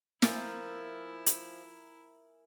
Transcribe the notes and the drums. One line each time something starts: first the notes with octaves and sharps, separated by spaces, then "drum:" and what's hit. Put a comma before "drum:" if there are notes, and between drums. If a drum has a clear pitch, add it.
F3 E4 A#4 E5 G#5, drum: snare
drum: hi-hat